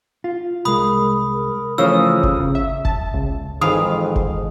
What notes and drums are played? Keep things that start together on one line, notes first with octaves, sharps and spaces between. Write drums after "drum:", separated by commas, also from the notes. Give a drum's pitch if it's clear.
F4
C2 G#3 A#4 B5 D#6
A#4
C#3 E3 F3 A3 C#4 A#4 D#6 E6
drum: kick F#1
C#3
E5
A5, drum: kick F#1
C#2
F2 G#2 D#3 E3 F5 D#6
drum: kick F#1